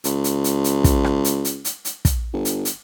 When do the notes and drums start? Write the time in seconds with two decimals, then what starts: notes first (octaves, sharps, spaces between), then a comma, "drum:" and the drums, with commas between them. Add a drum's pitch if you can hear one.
0.04 C#2, drum: hi-hat
0.24 drum: hi-hat
0.44 drum: hi-hat
0.64 drum: hi-hat
0.84 drum: kick, hi-hat
1.04 drum: rim click
1.24 drum: hi-hat
1.45 drum: hi-hat
1.65 drum: hi-hat
1.85 drum: hi-hat
2.05 drum: kick, hi-hat
2.33 G1
2.45 drum: hi-hat
2.65 drum: hi-hat